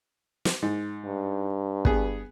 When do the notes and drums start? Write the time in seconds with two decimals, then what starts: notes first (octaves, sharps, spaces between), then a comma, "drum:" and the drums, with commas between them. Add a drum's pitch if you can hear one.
0.45 drum: snare
0.62 G#2
1.06 G2
1.85 B3 G#4, drum: kick